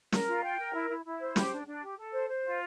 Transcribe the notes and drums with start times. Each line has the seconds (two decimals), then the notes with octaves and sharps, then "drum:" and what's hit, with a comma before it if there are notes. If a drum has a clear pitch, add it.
0.12 A#4, drum: snare
0.28 F4
0.43 G5
0.59 A#4
0.74 E4
0.90 E4
1.05 E4
1.20 C5
1.36 G4, drum: snare
1.51 D4
1.67 D4
1.82 G4
1.98 A4
2.13 C5
2.29 C5
2.44 F4